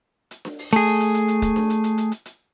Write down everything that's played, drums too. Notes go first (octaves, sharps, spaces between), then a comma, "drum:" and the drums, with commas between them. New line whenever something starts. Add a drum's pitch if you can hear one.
drum: hi-hat
drum: snare D4
drum: open hi-hat
A3 G#4, drum: hi-hat
drum: open hi-hat
drum: hi-hat
drum: hi-hat
drum: hi-hat
drum: kick, hi-hat
drum: snare D4
drum: hi-hat
drum: hi-hat
drum: hi-hat
drum: hi-hat
drum: hi-hat